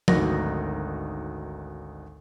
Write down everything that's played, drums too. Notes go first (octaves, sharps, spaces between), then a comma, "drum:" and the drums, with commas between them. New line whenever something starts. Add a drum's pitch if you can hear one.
G#1 D2 D#4 F#4 A#4 A#6, drum: tom F3